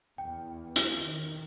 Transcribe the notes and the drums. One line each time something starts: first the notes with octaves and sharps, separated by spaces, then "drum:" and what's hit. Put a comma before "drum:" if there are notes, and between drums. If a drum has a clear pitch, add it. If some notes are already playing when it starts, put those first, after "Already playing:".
E2 G5
drum: hi-hat
D#3